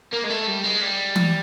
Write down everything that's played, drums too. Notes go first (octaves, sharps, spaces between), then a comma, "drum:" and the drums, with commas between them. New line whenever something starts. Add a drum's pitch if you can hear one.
A#3
G#3
A3
G3
G#3
G3
drum: tom E3